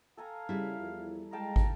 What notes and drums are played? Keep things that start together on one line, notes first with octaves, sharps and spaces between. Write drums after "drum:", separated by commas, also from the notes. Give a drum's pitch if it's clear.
A4 F5 G#5 A#5
C#3 G3 E4
E2 F3
G#3 F5 G5 A5 A#5
drum: kick